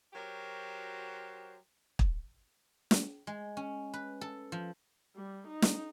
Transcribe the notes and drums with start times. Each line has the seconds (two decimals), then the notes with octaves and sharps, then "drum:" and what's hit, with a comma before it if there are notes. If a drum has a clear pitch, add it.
0.13 F#3 F#4 G4 A#4 C5
1.99 drum: kick
2.91 drum: snare
3.27 G#3
3.57 C#4
3.93 B4
4.21 A4
4.52 F3
5.16 G3
5.48 D#4
5.62 drum: snare